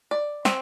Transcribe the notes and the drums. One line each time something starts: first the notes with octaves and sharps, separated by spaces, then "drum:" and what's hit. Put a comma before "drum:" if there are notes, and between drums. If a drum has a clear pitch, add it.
D5
C4, drum: snare